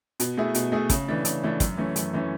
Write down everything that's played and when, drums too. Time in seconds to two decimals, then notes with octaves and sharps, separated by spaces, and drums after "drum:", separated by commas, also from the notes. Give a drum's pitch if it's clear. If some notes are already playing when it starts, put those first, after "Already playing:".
0.20 B2, drum: hi-hat
0.37 A3 E4 G#4
0.54 B2, drum: hi-hat
0.72 A3 E4 G#4
0.90 C#3, drum: kick, hi-hat
1.08 E3 A3 D4
1.25 C#3, drum: hi-hat
1.43 E3 A3 D4
1.60 F#2, drum: kick, hi-hat
1.77 E3 A3 C#4
1.96 F#2, drum: hi-hat
2.13 E3 A3 C#4